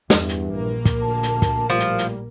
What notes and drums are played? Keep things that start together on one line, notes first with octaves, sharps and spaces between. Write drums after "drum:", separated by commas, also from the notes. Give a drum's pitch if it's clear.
E2 G2 E3, drum: snare
drum: hi-hat
A#1 A#3
drum: kick, hi-hat
D2 A5
drum: hi-hat
drum: kick, hi-hat
A2 F3 G3
drum: hi-hat
drum: hi-hat